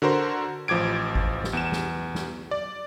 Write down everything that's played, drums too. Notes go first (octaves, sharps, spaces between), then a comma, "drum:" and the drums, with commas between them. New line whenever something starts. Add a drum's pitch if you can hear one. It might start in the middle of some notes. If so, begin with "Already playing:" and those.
D3 F#4 A#4 C5
A1 F3 D6 G#6 D7
drum: kick G#1
drum: snare
E2 E7
drum: snare
drum: snare
D5